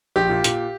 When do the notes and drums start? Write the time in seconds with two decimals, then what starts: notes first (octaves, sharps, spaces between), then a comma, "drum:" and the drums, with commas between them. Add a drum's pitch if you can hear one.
0.16 A#1 G4
0.29 A#2
0.44 A#2, drum: hi-hat